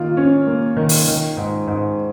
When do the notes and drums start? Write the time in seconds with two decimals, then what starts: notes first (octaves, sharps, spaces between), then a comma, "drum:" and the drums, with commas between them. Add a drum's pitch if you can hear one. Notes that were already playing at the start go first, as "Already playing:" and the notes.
Already playing: D#3 A#3 F4
0.17 C#4
0.47 A#3
0.77 D#3
0.89 drum: open hi-hat
1.07 D#3
1.37 G#2
1.67 G#2